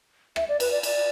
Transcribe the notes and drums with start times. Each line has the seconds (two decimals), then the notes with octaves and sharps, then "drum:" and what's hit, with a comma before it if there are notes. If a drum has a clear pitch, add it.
0.36 E5, drum: rim click
0.49 D5
0.60 B4, drum: cymbal
0.71 D5
0.83 D5, drum: cymbal